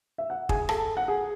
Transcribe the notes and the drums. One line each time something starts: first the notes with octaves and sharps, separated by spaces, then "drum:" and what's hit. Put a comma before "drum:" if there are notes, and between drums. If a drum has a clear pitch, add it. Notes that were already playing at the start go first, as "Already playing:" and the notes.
E5
F#5
G#4 G#5, drum: kick
A4 A5, drum: rim click
F#5
G#4 G#5